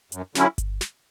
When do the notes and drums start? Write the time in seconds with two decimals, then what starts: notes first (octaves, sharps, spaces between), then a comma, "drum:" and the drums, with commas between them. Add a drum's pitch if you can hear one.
0.12 F#2, drum: hi-hat
0.35 D3 F#3 C#4 E4, drum: snare
0.58 drum: kick G1, hi-hat
0.81 drum: snare